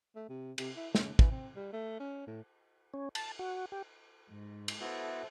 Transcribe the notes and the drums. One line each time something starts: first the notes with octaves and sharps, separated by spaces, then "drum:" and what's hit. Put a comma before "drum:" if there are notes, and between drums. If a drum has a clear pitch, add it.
A3
C3
C3, drum: cymbal
E4
C#3, drum: snare
E3, drum: kick
C4
G3
A3
C#4
A2
C#4
A5, drum: cymbal
F#4
G4
G#2
drum: cymbal
B3 E4 F#4 A4 C5 E5